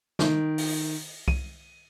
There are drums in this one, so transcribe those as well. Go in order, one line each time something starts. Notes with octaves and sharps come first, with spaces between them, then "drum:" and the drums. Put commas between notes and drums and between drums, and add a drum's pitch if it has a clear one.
D#3, drum: snare
drum: open hi-hat
D#7, drum: kick C2